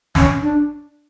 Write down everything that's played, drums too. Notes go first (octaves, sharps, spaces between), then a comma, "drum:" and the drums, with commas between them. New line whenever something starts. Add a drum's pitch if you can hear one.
C#4, drum: snare
D4